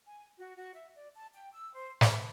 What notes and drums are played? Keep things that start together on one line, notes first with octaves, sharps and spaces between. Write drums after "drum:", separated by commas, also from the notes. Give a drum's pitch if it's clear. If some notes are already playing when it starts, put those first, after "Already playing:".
G#5
F#4
F#4
E5
D5
A5
G5
E6
C5
B4, drum: snare